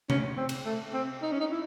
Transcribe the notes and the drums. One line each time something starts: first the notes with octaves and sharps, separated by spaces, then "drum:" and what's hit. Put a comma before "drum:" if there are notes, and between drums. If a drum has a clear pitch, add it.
C#4, drum: tom C3
C4
drum: cymbal
A3
C4
D#4
C#4
D#4
E4